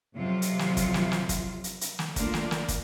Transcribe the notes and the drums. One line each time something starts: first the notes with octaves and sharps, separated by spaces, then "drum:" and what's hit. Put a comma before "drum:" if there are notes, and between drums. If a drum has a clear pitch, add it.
F2 C3 F#3 F4
drum: hi-hat
drum: snare
drum: kick, hi-hat
drum: snare
drum: snare
drum: kick, hi-hat
drum: hi-hat
drum: hi-hat
drum: snare
A3 A#3 D4 F4 A#4, drum: kick, hi-hat
drum: snare
drum: snare
drum: kick, hi-hat